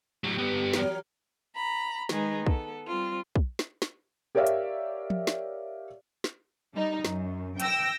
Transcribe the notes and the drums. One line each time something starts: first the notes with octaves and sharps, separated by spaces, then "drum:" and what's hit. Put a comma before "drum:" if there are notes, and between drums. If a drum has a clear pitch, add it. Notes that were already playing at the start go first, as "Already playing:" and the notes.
A2 F#3 G4
G2 B3
E3 F#3 A#4, drum: snare
A#5 B5
D#3 G#3 D#4 G#4 B4, drum: snare
B3 A4, drum: kick
G3 C4 F4
drum: kick
drum: snare
drum: snare
G4 A#4 C#5 D5 E5 F5
drum: hi-hat
drum: tom F3
drum: snare
drum: snare
G3 D#4
F#2, drum: snare
G5 E6 A#6, drum: hi-hat